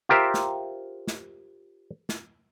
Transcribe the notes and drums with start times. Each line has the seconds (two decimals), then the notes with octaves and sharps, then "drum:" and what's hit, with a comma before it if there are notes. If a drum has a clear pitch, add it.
0.09 F4 G4 A#4 C5 E5
0.34 drum: snare
1.07 drum: snare
2.09 drum: snare